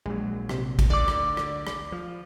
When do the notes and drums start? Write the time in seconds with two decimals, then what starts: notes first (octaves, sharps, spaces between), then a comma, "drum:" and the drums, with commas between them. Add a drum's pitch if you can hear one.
0.06 A#1 F#3 G#3
0.49 C3, drum: rim click
0.79 drum: kick A1, cymbal
0.90 D2 D3 D5 D6
1.08 drum: rim click
1.37 drum: rim click
1.67 drum: rim click
1.92 F3